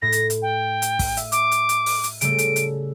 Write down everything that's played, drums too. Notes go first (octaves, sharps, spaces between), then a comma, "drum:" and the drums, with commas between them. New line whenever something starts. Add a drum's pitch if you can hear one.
A2 A#6
drum: hi-hat
drum: hi-hat
G5
drum: hi-hat
drum: kick, open hi-hat
E5, drum: hi-hat
D6, drum: hi-hat
drum: hi-hat
drum: hi-hat
drum: open hi-hat
drum: hi-hat
C#3 G3 A3 D7, drum: hi-hat
drum: hi-hat
drum: hi-hat